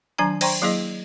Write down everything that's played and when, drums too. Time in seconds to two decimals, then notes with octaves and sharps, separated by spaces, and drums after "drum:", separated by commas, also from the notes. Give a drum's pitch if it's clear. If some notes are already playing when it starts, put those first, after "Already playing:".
0.18 D#3 F#3 D4 G#5 A#5
0.41 C5 D5 G5 A#5 C6 C#6, drum: cymbal
0.62 F#3 A#3 E4 G#4 D5 D#5